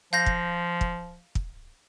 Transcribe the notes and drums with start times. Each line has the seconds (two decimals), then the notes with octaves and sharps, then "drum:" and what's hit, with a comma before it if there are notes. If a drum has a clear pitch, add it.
0.13 F3 F5 G6 A#6
0.26 drum: kick
0.81 drum: kick
1.35 drum: kick